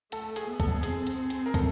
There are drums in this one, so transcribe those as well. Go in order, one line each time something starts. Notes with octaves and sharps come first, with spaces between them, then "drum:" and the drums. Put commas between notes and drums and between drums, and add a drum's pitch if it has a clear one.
A3 A4, drum: hi-hat
G#4, drum: hi-hat
B3
A4, drum: kick, hi-hat
C4 G#4, drum: hi-hat
drum: hi-hat
drum: hi-hat
A#4
A4, drum: kick, hi-hat